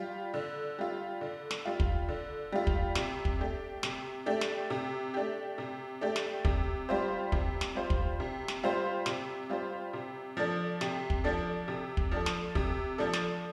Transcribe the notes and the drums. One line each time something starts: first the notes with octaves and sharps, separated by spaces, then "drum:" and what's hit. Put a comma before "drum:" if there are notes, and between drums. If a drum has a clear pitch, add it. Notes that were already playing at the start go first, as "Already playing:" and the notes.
Already playing: G3 F4
D3
G3 F4
D3
drum: snare
G3 F4
drum: kick
D3
G3 F4
drum: kick
C3, drum: snare
drum: kick
A3 D4 G4
C3, drum: snare
A3 D4 G4
drum: snare
C3
A3 D4 G4
C3
A3 D4 G4
drum: snare
C3, drum: kick
G3 F4 C5
C3, drum: kick
drum: snare
G3 F4 C5
drum: kick
C3
drum: snare
G3 F4 C5
C3, drum: snare
G3 F4 C5
C3
F3 D4 A4
C3, drum: snare
drum: kick
F3 D4 A4
C3
drum: kick
F3 D4 A4
drum: snare
C3, drum: kick
F3 D4 A4
drum: snare